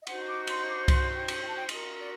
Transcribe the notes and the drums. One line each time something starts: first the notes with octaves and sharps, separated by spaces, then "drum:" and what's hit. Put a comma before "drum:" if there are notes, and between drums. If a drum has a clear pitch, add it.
D#5
D#4 F#4 C5 F#5, drum: cymbal
D6
C6, drum: cymbal
D6
C6, drum: kick C2, cymbal
G5
drum: cymbal
G5
A5
G5
F#4 A#4 D#5, drum: cymbal
D5